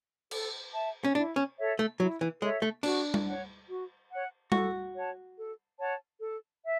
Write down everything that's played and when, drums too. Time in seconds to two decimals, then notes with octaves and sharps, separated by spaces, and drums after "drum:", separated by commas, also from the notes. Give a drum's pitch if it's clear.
0.31 A4, drum: cymbal
0.73 E5 A5
1.04 C#4
1.15 D4 E4
1.36 C#4
1.58 A4 C#5 E5
1.79 A3
1.99 F#3 E4
2.21 E3
2.41 G#3 A4 C#5 E5
2.62 A3
2.83 D4 F#4, drum: cymbal
3.14 drum: tom G3
3.26 C#5 F#5
3.68 F#4
4.10 C#5 F#5
4.52 F#4 A4, drum: tom G3
4.94 C#5 F#5 A5
5.36 A4
5.78 C#5 F#5 A5
6.20 A4
6.63 E5